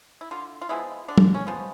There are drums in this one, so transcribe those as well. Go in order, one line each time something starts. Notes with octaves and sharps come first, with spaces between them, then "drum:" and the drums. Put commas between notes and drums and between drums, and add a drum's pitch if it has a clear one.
E4
D3 F4
F4
F3 G#3 B3 E4
D3 D4
drum: tom
C#4
F3 G#3 B3